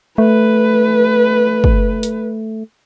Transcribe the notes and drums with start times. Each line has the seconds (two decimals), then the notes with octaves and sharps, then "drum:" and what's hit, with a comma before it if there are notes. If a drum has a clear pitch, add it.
0.18 A3 B4
1.64 drum: kick
2.03 drum: hi-hat